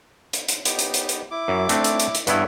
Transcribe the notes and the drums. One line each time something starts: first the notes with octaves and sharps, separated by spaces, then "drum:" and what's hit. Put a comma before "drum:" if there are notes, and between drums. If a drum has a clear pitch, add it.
drum: hi-hat
drum: hi-hat
B3 D#4 G4, drum: hi-hat
drum: hi-hat
drum: hi-hat
drum: hi-hat
E4 D6
F#2
A3 C4 D4, drum: hi-hat
drum: hi-hat
drum: hi-hat
drum: hi-hat
G2 B3 E4 G4 B4 C#5, drum: hi-hat